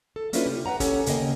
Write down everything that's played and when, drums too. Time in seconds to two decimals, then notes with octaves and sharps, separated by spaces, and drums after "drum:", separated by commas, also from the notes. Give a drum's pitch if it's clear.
0.16 A4
0.33 A#3 C#4 D4 E4 F4 B4, drum: hi-hat
0.46 C3 G4
0.66 B4 D#5 F#5 A#5
0.80 C#4 G4 A4 C#5, drum: kick, hi-hat
1.06 D#2 C#3 A#3 A#4 D#5 G5, drum: hi-hat